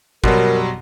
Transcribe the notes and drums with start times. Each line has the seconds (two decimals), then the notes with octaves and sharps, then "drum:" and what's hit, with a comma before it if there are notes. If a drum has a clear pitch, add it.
0.24 B2 F#3 G3 A#4 C6, drum: kick